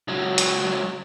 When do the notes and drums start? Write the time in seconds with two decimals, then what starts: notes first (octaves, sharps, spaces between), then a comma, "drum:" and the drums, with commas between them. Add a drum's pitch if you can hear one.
0.08 C#2 F#3
0.38 drum: hi-hat